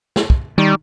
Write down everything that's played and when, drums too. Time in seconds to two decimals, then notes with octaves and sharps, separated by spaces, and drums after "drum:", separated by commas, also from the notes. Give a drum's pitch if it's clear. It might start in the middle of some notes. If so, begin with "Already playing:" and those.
0.16 drum: snare
0.30 drum: kick
0.58 D#3 G3